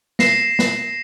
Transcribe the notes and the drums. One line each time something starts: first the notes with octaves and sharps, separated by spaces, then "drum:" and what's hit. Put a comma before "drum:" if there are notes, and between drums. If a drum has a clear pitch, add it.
A#6 C7 E7, drum: snare
drum: snare